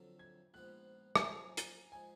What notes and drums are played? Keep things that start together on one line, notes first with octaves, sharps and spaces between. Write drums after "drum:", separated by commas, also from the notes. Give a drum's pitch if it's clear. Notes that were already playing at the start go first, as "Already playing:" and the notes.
Already playing: F2 D3 F#3
G#6
A#1 G#2 F3 B3 F4 F#6
G#5, drum: rim click
F#2 F3 A#3 A#5
A#5, drum: hi-hat
F3 G#3 D#4 G#5